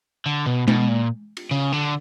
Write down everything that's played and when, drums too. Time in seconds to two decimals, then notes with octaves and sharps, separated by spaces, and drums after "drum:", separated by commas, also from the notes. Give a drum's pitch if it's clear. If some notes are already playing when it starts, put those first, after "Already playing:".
0.26 D3
0.46 B2
0.68 B2, drum: tom G#3
0.88 A#2
1.37 drum: cymbal
1.51 C#3
1.72 D3